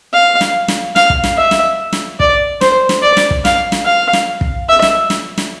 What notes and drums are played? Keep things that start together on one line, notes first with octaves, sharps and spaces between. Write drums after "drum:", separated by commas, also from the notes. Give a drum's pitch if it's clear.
F5
drum: snare
drum: snare
F5, drum: snare
drum: kick
drum: snare
E5
drum: snare
drum: snare
D5, drum: kick
C5, drum: snare
drum: snare
D5
drum: snare
drum: kick
F5, drum: snare
drum: snare
F5
drum: snare
drum: kick
E5
drum: snare
drum: snare
drum: snare